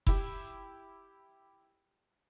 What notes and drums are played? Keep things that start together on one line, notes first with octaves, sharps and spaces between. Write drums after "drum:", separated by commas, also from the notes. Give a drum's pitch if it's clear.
E4 G4, drum: kick F1